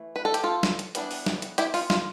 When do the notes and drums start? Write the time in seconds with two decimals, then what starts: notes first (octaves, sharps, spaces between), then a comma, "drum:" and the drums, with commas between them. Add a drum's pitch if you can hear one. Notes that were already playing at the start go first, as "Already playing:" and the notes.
Already playing: E3 A3
0.16 B4
0.25 A4
0.34 G4, drum: hi-hat
0.44 F4 A4
0.63 drum: snare
0.79 drum: hi-hat
0.95 E3 G3 B3 D4, drum: hi-hat
1.11 drum: open hi-hat
1.26 drum: snare
1.42 drum: hi-hat
1.58 E4 G4, drum: hi-hat
1.74 F4, drum: open hi-hat
1.90 F4, drum: snare